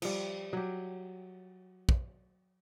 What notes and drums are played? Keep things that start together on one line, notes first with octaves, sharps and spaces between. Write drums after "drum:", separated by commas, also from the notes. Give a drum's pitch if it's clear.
F3 G3, drum: cymbal
F#3 G4
drum: kick